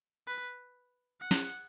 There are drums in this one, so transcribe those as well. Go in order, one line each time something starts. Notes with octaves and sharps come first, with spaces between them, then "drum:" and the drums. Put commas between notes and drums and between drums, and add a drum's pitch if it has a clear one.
B4
F#5
drum: snare